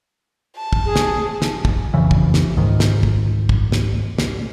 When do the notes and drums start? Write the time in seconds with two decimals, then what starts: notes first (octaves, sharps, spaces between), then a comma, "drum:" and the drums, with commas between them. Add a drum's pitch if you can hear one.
0.56 A5
0.73 drum: kick
0.85 G#4
0.96 drum: snare
1.42 drum: snare
1.65 drum: kick
1.94 F2 C#3 E3
2.11 drum: kick
2.34 drum: snare
2.57 C#2 G#2 D#3
2.80 drum: snare
3.03 drum: kick
3.49 drum: kick
3.72 drum: snare
4.18 drum: snare